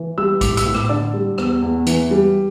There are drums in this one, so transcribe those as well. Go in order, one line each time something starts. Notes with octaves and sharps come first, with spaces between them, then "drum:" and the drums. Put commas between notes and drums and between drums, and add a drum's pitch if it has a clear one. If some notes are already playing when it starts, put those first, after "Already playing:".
Already playing: E3
G3 E6
A2 D6, drum: kick A#1, hi-hat
E6, drum: hi-hat
A2
D6, drum: rim click
D3 D5
G3
E2, drum: rim click
E2
E3, drum: hi-hat
G3